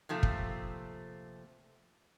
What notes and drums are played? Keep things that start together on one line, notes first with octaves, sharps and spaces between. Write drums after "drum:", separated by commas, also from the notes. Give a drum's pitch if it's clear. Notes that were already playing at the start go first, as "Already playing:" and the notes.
C3 F3 A3 A#3
drum: kick